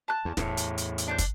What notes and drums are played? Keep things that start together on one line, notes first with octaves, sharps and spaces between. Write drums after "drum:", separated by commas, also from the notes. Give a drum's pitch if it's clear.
A5 F#6
E2
E2 A2, drum: snare
drum: hi-hat
drum: hi-hat
drum: hi-hat
D4 C5 G6
drum: kick, hi-hat